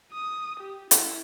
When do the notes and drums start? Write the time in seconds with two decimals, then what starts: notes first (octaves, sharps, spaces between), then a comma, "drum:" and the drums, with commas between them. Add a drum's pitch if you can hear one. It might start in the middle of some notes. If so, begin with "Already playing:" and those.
0.12 D#6
0.60 G4
0.91 E4, drum: hi-hat